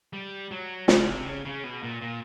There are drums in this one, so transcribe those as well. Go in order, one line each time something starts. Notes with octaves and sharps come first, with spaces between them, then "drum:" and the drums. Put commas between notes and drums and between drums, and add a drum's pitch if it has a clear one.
G3
F#3
C#3, drum: snare
C3
C#3
C#3
B2
A#2
A#2